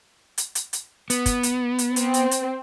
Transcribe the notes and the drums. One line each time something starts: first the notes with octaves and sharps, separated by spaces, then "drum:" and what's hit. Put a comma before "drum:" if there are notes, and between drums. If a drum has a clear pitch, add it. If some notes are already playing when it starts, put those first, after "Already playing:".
drum: hi-hat
drum: hi-hat
drum: hi-hat
B3, drum: hi-hat
drum: kick, hi-hat
drum: hi-hat
drum: hi-hat
C4, drum: hi-hat
drum: hi-hat
drum: hi-hat